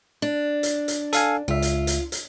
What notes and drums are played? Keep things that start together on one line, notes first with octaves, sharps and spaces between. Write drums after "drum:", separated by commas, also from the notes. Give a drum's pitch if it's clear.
D4
drum: hi-hat
drum: hi-hat
A4 F5 G#5, drum: hi-hat
C#2 F4 E5
drum: hi-hat
drum: hi-hat
drum: hi-hat